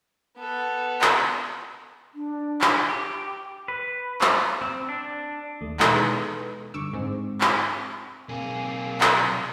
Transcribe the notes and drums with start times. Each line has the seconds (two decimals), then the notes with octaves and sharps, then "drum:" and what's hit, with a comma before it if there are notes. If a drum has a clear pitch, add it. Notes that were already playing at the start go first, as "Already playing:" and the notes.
0.37 B3 A4
1.01 drum: clap
2.14 D4
2.61 drum: clap
2.89 G4
3.68 B4
4.21 drum: clap
4.61 C4
4.89 D4
5.61 D#2 A3 D#6
5.80 B2 E3 G#3 D#4 A4 B4, drum: clap
6.74 G2 D3 C#6 D6 E6
6.93 G#2 G#3 C4
7.41 drum: clap
8.29 B1 A#3 C4 G#4
9.01 drum: clap